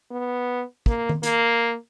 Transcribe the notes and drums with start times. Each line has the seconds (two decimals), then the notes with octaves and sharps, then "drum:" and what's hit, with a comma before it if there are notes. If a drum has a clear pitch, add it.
0.11 B3
0.86 A#3, drum: kick
1.09 drum: tom D#3
1.23 A#3, drum: hi-hat